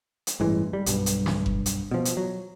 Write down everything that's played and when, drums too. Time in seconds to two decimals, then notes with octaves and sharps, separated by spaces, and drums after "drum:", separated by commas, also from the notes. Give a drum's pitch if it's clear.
0.27 drum: hi-hat
0.40 A1 G2 E3 G#3
0.73 G3
0.86 B1 G2, drum: hi-hat
1.06 drum: hi-hat
1.26 drum: snare
1.46 drum: kick F#1
1.66 drum: hi-hat
1.91 B2 F3
2.05 drum: hi-hat
2.17 F#3